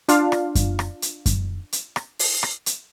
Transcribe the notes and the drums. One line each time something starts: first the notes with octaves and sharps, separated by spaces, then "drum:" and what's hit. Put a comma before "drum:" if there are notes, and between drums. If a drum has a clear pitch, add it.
D4 F4 F5, drum: hi-hat
drum: rim click
drum: kick F#2, hi-hat
drum: rim click
drum: hi-hat
drum: kick F#2, hi-hat
drum: hi-hat
drum: rim click
drum: open hi-hat
drum: rim click
drum: hi-hat